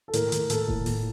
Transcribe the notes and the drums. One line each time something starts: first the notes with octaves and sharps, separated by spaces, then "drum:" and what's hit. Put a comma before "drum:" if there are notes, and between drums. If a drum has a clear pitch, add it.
A4
A2 A#4, drum: hi-hat
A2, drum: hi-hat
A2 A4, drum: hi-hat
A2, drum: kick E1
A2, drum: open hi-hat